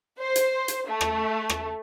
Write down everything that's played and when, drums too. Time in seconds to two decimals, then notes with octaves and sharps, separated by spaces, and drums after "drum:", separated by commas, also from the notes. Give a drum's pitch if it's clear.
0.19 C5
0.36 drum: hi-hat
0.68 drum: hi-hat
0.88 A3
1.01 drum: rim click
1.49 drum: rim click